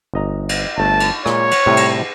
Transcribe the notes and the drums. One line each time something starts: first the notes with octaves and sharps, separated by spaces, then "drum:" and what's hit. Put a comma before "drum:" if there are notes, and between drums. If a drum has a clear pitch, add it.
G1 D#5 A#5
drum: cymbal
G1 A3 A5
drum: cymbal
A#2 G#3 C#5, drum: rim click
drum: cymbal
A2 C3 G3
drum: cymbal